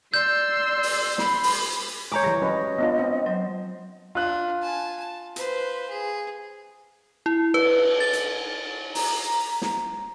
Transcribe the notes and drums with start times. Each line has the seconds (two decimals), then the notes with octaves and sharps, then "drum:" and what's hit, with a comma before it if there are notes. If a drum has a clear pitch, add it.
0.14 D5 C6 E6 G6
0.83 drum: open hi-hat
1.18 B5 C6, drum: snare
1.43 drum: open hi-hat
2.12 G#3 C#5 A#5 D6 G6
2.23 E3 G3 A#6
2.42 F#3 C#4 B4 D#5
2.79 B3 D4 F4
2.99 C4
3.26 F#3 C5
4.15 D4 F4 F#6
4.62 G#5 A5
5.00 A5
5.36 B4 C5, drum: hi-hat
5.89 G#4
7.26 E4
7.54 B4, drum: cymbal
8.00 A6
8.13 drum: hi-hat
8.95 A#5, drum: open hi-hat
9.62 drum: snare